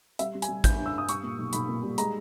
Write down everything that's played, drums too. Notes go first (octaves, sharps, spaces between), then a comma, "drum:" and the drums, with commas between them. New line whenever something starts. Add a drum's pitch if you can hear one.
G3 E5, drum: hi-hat
G3
G#5, drum: hi-hat
G3
G2 G6, drum: kick A1, hi-hat
G2
E6
G2 D#6
G3 C#6, drum: hi-hat
A#2
B1
B1 B5, drum: hi-hat
A#2
G3
G#3 A#5, drum: hi-hat